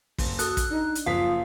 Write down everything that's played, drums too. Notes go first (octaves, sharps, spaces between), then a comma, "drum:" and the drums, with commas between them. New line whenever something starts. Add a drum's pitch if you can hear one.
F#1, drum: kick, open hi-hat
F#4 A4 D#6 F#6, drum: hi-hat
drum: kick, hi-hat
D4 D#4
drum: hi-hat
F#1 F3 F4 F5 D#6 B6